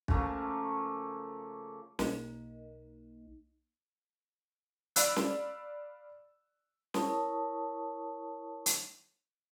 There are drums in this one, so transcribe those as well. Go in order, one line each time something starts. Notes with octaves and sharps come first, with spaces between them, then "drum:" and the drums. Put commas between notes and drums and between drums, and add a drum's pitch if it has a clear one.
C#3 F3 A3 A#3, drum: kick
B1 A#3 D#4, drum: snare
D5 F5 B5 E6 F#6, drum: hi-hat
drum: snare
E4 A#4 C#5 A5 C#6 D#6, drum: snare
drum: hi-hat